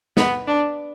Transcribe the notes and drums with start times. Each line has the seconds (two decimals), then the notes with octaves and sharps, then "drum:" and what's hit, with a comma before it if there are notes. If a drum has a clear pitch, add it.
0.17 B3, drum: snare
0.47 D4